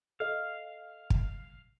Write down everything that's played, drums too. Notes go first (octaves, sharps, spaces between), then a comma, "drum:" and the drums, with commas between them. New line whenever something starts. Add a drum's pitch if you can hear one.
A4 D#5 F5
drum: kick